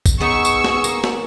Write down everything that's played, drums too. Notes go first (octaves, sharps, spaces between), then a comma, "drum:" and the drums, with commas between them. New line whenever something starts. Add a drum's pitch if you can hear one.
drum: kick, tambourine
B3 D#4 G#4 C#6 E6
drum: tambourine
drum: snare
A#3, drum: tambourine
drum: snare